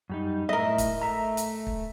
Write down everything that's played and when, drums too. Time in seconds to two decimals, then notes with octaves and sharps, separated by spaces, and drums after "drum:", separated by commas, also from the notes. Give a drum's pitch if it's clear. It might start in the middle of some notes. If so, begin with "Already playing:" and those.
0.10 F#2 G3 D#4
0.49 A2 A#4 D#5 E5
0.78 drum: kick, hi-hat
1.02 A3 E5 A#5
1.37 drum: hi-hat
1.67 drum: kick